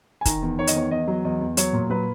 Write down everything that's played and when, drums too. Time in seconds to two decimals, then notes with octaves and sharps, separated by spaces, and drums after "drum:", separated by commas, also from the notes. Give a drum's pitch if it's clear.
0.21 G#5
0.25 D#3 A#5, drum: kick, hi-hat
0.42 E2
0.59 D#3 C#5
0.67 D#5, drum: hi-hat
0.75 E2 C#5
0.91 E2 D#5
1.08 F#3
1.24 E2 D#5
1.41 E2
1.57 F#3 C#5, drum: hi-hat
1.73 A#2
1.90 F#3 B4